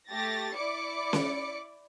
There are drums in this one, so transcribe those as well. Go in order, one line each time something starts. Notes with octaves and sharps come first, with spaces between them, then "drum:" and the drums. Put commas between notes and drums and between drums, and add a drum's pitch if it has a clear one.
A3 G4 A6 A#6
E4 D5 D6 C#7
drum: snare C#4